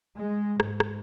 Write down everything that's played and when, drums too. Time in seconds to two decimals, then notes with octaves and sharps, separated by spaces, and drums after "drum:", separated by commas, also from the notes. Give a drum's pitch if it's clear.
0.15 G#3
0.60 G#2, drum: rim click
0.80 drum: rim click